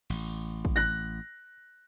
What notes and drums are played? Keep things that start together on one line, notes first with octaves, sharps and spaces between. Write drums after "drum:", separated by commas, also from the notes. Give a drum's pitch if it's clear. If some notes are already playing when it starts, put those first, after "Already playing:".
A1, drum: cymbal
drum: kick
F#6 A#6